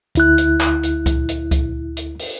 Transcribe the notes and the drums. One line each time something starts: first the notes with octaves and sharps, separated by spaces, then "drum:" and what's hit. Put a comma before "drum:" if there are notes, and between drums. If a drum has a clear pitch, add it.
D2 E4 F#6, drum: hi-hat
drum: hi-hat
drum: clap
drum: hi-hat
drum: kick C#2, hi-hat
drum: hi-hat
drum: kick C#2, hi-hat
drum: hi-hat
drum: open hi-hat